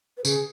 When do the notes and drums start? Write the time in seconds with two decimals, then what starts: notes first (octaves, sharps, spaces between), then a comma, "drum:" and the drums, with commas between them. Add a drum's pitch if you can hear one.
0.17 B4
0.25 C#3 G#4, drum: tambourine